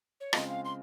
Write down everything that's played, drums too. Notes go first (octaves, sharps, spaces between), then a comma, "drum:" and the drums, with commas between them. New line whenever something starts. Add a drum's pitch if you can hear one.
C#5
C#3 G#3 C4 F4 D#5, drum: rim click
F5
C6